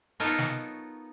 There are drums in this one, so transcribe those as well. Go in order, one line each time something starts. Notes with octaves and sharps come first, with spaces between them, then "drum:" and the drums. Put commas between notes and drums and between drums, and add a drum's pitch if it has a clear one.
B3 D#4 F4 A4 A#4 C#5
drum: snare